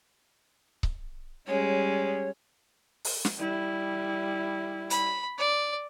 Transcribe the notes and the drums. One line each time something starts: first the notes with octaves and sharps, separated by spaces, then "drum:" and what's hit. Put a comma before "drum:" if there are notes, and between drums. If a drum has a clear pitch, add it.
drum: kick C#1
G3 G#3 C#4 C#5
drum: open hi-hat
drum: snare
G3 E4
B5, drum: hi-hat
D5